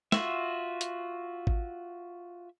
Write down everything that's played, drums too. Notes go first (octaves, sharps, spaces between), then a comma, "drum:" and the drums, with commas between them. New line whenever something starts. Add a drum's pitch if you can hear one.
F4 F#4 E5, drum: snare
drum: hi-hat
drum: kick G#1